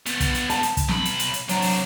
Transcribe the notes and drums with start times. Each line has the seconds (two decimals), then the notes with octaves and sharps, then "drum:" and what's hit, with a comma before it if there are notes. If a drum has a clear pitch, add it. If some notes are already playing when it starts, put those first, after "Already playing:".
0.06 G3 B3, drum: hi-hat
0.20 drum: kick, hi-hat
0.34 drum: hi-hat
0.50 A5, drum: hi-hat
0.63 drum: hi-hat
0.77 drum: kick, hi-hat
0.88 B1 B5, drum: snare
1.05 drum: hi-hat
1.19 drum: hi-hat
1.34 drum: hi-hat
1.49 C3 F#3 D4, drum: hi-hat
1.62 drum: open hi-hat